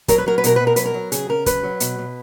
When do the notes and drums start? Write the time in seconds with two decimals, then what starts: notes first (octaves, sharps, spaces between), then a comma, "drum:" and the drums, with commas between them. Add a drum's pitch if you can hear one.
0.08 F#3 A#4, drum: kick, hi-hat
0.18 B4
0.26 F#3 A#4
0.38 B4
0.44 B2 A#4, drum: hi-hat
0.56 B2 B4
0.67 A#4
0.76 F#3 B4, drum: hi-hat
0.85 A#4
0.94 F#3
1.12 C#3 G#4, drum: hi-hat
1.29 C#3 A#4
1.46 F#3 B4, drum: kick, hi-hat
1.63 F#3
1.80 B2, drum: hi-hat
1.98 B2